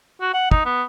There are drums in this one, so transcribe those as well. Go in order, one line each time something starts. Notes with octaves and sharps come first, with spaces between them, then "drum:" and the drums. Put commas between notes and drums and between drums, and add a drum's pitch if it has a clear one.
F#4
F#5
D#4, drum: kick
B3